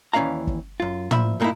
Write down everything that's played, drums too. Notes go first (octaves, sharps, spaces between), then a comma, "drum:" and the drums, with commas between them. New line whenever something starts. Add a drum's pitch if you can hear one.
D#2 E3 C#4 D5 F5 A#5
drum: kick
F#2 F4
A#2 F3 E5 B5, drum: tom
G2 A#2 A#3 C#4 D#4 E4